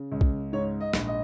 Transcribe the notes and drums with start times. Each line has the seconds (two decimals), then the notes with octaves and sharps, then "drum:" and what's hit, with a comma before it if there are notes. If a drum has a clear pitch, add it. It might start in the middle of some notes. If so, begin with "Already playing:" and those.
Already playing: C#3
0.12 C#2
0.21 drum: kick
0.52 G#2 C#5
0.81 D#5
0.93 A#1, drum: snare
1.07 D#5